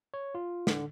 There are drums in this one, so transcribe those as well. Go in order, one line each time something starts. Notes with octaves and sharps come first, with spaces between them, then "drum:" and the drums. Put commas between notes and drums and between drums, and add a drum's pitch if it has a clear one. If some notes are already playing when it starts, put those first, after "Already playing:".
C#5
F4
D3, drum: snare